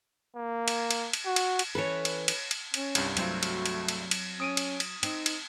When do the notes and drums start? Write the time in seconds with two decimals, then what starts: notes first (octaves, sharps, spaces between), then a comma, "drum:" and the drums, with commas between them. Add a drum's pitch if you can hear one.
0.36 A#3
0.68 drum: cymbal
0.91 drum: cymbal
1.13 drum: cymbal
1.26 F#4
1.36 drum: cymbal
1.59 drum: cymbal
1.75 E3 C#4 A4 B4 C#5
2.05 drum: cymbal
2.28 drum: cymbal
2.51 drum: cymbal
2.74 C#4, drum: cymbal
2.95 C2 G2, drum: cymbal
3.17 F#3 A3 C4 F4, drum: cymbal
3.43 drum: cymbal
3.66 drum: cymbal
3.88 drum: cymbal
4.11 drum: cymbal
4.40 C#4 D#6 D7 D#7
4.57 drum: cymbal
4.80 drum: cymbal
5.03 C4 D#4, drum: cymbal
5.26 drum: cymbal